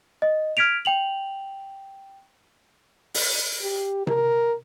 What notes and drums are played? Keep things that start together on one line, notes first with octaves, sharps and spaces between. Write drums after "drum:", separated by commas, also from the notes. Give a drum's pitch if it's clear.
D#5
F6 G#6 B6 D7 F7
G5 F7 F#7
drum: open hi-hat
G4
A#4, drum: tom C3